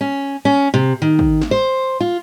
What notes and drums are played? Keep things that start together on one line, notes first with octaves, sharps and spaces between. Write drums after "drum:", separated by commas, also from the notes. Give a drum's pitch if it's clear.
C#4
C#4
C3
D#3
drum: kick
drum: snare
C5
F4